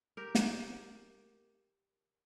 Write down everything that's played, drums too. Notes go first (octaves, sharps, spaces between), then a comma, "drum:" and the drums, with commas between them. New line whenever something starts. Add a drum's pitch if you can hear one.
G4 A#4
drum: snare